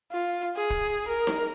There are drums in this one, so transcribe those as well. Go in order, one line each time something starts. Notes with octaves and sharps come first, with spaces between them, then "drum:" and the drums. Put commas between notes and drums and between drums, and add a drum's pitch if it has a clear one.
F4
G#4
drum: kick
A#4
drum: snare D#4